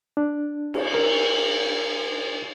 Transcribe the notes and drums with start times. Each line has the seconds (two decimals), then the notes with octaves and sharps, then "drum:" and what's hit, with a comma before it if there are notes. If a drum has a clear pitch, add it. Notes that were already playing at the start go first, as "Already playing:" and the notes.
0.17 D4
0.74 drum: cymbal
0.94 A#4